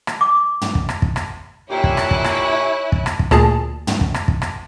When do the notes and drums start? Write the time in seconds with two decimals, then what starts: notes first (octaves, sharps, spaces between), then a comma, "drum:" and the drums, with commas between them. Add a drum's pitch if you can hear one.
0.07 drum: rim click
0.21 D6
0.61 drum: tom
0.75 drum: kick
0.89 drum: rim click
1.02 drum: kick
1.16 drum: rim click
1.70 A#2 D3 E4 G4 C#5 G#5 F#6
1.84 drum: kick
1.97 drum: rim click
2.11 drum: kick
2.24 drum: rim click
2.92 drum: kick
3.06 drum: rim click
3.19 drum: kick
3.31 D2 A#2 G#4 A5, drum: rim click
3.87 drum: tom
4.01 drum: kick
4.14 drum: rim click
4.28 drum: kick
4.42 drum: rim click